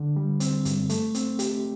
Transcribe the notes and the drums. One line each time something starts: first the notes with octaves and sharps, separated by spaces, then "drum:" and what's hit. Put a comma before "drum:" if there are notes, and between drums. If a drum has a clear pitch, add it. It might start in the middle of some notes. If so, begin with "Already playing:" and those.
Already playing: D3
G3
C4, drum: hi-hat
G2, drum: hi-hat
A3, drum: hi-hat
C4, drum: hi-hat
G4, drum: hi-hat